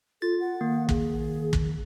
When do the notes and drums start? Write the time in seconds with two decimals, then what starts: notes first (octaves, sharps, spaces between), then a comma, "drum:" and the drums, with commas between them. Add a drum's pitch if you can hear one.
0.22 F4 A4 A6
0.40 F#5
0.61 D#3 A#3
0.89 G#4, drum: kick
1.53 drum: kick